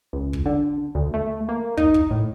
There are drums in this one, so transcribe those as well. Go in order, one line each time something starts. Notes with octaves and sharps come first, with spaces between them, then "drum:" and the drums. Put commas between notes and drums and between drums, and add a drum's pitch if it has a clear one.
C#2
drum: kick
D3
D2
A3
A#3
D#4, drum: kick
drum: kick
A2